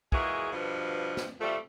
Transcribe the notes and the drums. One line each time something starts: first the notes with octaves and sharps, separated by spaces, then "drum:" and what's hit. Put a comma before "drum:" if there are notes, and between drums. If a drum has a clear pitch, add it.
A#2 E3 G#3 F#4 G#4, drum: kick
G2 B2 F3
drum: snare
F3 G3 A3